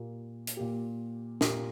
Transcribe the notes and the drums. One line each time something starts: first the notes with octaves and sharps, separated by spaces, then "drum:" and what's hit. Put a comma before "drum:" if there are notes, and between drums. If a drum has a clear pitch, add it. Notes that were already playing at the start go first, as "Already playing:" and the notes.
Already playing: A#2 A#3 G4
drum: hi-hat
A#2 A#3 G4
A#2 A#3 G4, drum: snare